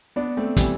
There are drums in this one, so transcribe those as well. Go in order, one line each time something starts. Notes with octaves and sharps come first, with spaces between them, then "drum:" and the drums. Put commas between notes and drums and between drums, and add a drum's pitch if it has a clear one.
B3 D4
A3 C4
E3 G3, drum: kick, hi-hat